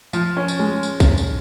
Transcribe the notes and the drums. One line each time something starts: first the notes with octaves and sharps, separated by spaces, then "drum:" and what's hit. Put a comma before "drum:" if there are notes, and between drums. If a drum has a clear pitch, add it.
F3, drum: tambourine
C#4
drum: tambourine
G#3
drum: tambourine
drum: kick, tambourine
drum: tambourine